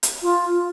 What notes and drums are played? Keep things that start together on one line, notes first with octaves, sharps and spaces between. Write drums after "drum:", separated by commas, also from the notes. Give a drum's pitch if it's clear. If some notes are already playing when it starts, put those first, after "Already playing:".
drum: hi-hat
F4